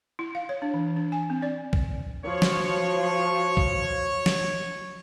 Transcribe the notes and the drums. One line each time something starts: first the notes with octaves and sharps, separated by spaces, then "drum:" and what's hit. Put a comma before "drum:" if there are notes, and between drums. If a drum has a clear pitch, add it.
E4
F5
C#5
D4
E3
D4
G#5
C4
D5
drum: kick
F3 F#4 C#5
drum: snare
drum: kick
drum: snare